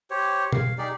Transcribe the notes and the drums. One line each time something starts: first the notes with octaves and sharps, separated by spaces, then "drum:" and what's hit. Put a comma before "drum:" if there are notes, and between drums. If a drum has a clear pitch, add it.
G4 C5 C#5
F5, drum: tom
D#4 G4 G#4 D5